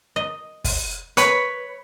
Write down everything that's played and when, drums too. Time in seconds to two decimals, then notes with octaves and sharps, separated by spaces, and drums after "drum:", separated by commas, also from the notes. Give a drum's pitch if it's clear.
0.16 D#5
0.64 drum: kick, open hi-hat
1.17 B4 C#5 B5, drum: hi-hat